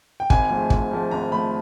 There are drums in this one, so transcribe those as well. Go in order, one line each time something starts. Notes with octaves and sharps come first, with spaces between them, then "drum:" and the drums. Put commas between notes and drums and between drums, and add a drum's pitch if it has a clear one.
G5
G#1 G#5, drum: kick
G#2 F3 A3
G#1, drum: kick
G#2 F3 A3
G#1 A#5
F3 A3 B5